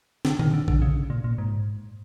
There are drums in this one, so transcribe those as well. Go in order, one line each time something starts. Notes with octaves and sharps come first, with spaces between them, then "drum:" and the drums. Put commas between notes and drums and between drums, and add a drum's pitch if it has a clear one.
D3, drum: snare
D#3, drum: tom A#2
D3
D3, drum: kick A#1
C#3
A#2
A#2
G#2